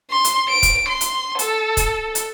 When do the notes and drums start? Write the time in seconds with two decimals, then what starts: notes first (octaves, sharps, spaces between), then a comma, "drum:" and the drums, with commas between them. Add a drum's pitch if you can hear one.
0.11 C6
0.24 drum: hi-hat
0.49 D7
0.63 drum: kick, hi-hat
0.89 C6
1.01 drum: hi-hat
1.39 A4, drum: hi-hat
1.77 drum: kick, hi-hat
2.15 drum: hi-hat